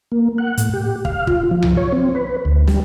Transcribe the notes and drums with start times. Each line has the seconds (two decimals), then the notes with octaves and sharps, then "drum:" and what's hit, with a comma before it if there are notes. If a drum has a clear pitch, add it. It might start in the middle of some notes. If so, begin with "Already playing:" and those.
0.12 A#3
0.38 F#5
0.57 A2, drum: hi-hat
0.73 G4
1.05 F5, drum: kick
1.27 F4, drum: kick
1.51 F3
1.62 drum: tom C2
1.77 C#5
1.92 C4
2.15 B4
2.45 D2
2.67 G3, drum: snare